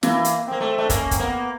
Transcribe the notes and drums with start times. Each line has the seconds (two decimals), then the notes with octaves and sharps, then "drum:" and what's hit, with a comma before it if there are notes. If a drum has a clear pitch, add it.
0.03 E3 A#3, drum: snare
0.24 drum: hi-hat
0.47 A#3 C4
0.61 A3
0.78 A3 D4
0.89 A#3 C#4, drum: kick, hi-hat
1.11 C4, drum: kick, hi-hat
1.19 A#3 B3